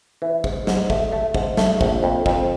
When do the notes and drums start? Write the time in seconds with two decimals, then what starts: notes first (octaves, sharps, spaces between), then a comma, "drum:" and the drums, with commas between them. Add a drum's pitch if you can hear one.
0.22 E3
0.44 G#2, drum: kick
0.67 G#2, drum: snare
0.90 A3, drum: kick
1.12 A3
1.34 G#2, drum: kick
1.57 A3, drum: snare
1.81 A#1, drum: kick
2.03 F2
2.26 F2, drum: kick